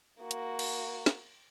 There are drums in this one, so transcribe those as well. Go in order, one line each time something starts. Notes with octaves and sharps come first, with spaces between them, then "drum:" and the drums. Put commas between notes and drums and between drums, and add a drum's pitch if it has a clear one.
A#3 F#4
drum: hi-hat
drum: cymbal
drum: snare